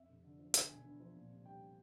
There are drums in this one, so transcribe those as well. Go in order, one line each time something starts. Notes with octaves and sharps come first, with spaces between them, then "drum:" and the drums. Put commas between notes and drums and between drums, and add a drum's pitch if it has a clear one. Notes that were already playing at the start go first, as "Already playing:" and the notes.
Already playing: F2 E5
F1
D3
F3
D2 E5, drum: hi-hat
E1 G#5
D3
F3
A#2
C2
G3 G5